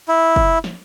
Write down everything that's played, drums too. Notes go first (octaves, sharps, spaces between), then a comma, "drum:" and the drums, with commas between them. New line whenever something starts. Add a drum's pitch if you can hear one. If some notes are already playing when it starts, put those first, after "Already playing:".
E4
drum: kick
drum: snare